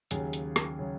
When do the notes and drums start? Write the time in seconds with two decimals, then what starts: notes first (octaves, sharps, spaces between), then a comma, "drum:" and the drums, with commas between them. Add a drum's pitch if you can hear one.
0.11 D#2 C#3 F#3 G#4, drum: hi-hat
0.33 drum: hi-hat
0.56 drum: rim click
0.79 C#3 F#3